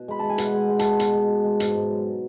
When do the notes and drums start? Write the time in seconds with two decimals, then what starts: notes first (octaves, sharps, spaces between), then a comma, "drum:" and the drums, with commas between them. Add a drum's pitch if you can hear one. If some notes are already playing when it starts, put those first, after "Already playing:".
Already playing: B2
0.08 G#3 B5
0.19 G#3 A5
0.29 G#5
0.38 B2 F#5, drum: hi-hat
0.54 G#3
0.69 G#3
0.79 A5, drum: hi-hat
0.85 G#3
1.00 B2, drum: hi-hat
1.14 G#3
1.29 B2
1.45 G#3
1.60 G#2, drum: hi-hat
1.76 G#2
1.91 F#3